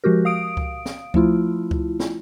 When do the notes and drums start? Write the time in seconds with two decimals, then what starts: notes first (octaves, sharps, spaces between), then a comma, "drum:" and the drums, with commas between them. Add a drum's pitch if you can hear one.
0.04 F3 G#3 F#4 G4 A#4
0.25 F5 D#6 D7
0.57 drum: kick C#2
0.86 drum: snare
1.14 F3 A3 E4 F4, drum: kick C#2
1.71 drum: kick C#2
2.00 drum: snare